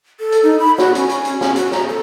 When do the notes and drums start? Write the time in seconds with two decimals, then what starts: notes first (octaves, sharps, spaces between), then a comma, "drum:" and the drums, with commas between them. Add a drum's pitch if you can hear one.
0.20 A4
0.32 drum: hi-hat
0.43 D#4
0.59 B5
0.78 F#4, drum: snare
0.95 C#4, drum: hi-hat
1.09 drum: hi-hat
1.25 drum: hi-hat
1.41 C#4, drum: snare
1.56 F#4, drum: hi-hat
1.72 A#5, drum: snare
1.89 A4